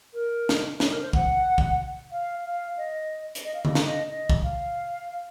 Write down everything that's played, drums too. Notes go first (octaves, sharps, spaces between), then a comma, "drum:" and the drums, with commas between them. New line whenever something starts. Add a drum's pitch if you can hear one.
A#4
drum: snare
C#4, drum: snare
A#4
C5
F#5, drum: kick
drum: kick
F5
F5
D#5
drum: hi-hat
D#5
F5
D#5, drum: tom D3
F5, drum: snare
D#5
D#5
drum: kick
F5